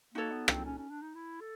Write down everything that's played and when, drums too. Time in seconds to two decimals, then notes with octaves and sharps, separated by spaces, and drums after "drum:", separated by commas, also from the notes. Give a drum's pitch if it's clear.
0.14 A#3 D#4 F#4 A4 C#5
0.31 B3
0.48 C4, drum: rim click
0.65 C#4
0.77 C#4
0.90 D4
1.02 D#4
1.15 E4
1.40 A4